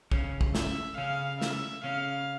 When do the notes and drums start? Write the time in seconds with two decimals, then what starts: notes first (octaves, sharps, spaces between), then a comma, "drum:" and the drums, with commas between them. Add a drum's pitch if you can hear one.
0.11 C#3 C#4, drum: kick
0.41 drum: kick
0.55 E5, drum: snare
0.97 C#3 C#4 F5
1.42 E5, drum: snare
1.84 C#3 C#4 F5